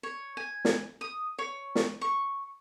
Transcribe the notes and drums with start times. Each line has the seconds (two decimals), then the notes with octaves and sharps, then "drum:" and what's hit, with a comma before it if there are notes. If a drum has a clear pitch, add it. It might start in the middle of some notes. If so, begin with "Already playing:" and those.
0.03 C#5
0.37 G#5
0.65 drum: snare
1.01 D#6
1.39 C#5
1.75 drum: snare
2.01 C#6